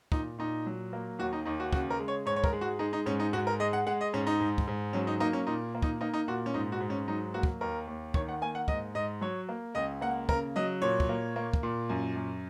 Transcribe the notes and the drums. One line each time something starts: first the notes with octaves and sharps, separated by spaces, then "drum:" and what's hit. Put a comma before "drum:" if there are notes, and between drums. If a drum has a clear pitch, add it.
A#2 D#4, drum: kick
A#2 D#4
F#3
A#3
D#2 F#4
D#4
D#2 D#4
F#4
C#3 F#4, drum: kick
A#4
G#3
C#5
G#2 C#5
C#5
A#4, drum: kick
G#3
F#4
G#3 D#4
D#4
G#2 C#4
D#4
G#2 F#4
A#4
G#3 D#5
F#5
G#3 F#5
D#5
G#2 C#4
D#4
G#2
drum: kick
G#2
F#3 C#4
D#4
A#3 D#4
C#4
A#2 D#4
A#3
D#4, drum: kick
A#3 D#4
D#4
A#2 F#4
C#4
G#2 D#4
F#4
G#2
C#4
F#3 D#4
A#3 F#4
drum: kick
D#2 A#4
D#2
D#3 C#5, drum: kick
F#5
A#3 G#5
F#5
G#2 D#5, drum: kick
G#2 D#5
F#3 C#5
A#3
C#2 D#5
A#3 F#5
C#3 A#4, drum: kick
F#3 D#5
A#2 C#5
drum: kick
A#3
A#3
drum: kick
A#2
F#2
F#2